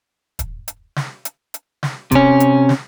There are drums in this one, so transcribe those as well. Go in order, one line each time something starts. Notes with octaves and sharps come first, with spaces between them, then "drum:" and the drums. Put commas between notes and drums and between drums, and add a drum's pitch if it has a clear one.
drum: kick D#1, hi-hat
drum: hi-hat
drum: snare
drum: hi-hat
drum: hi-hat
drum: snare
C3 C#4, drum: kick D#1, hi-hat
drum: hi-hat
drum: snare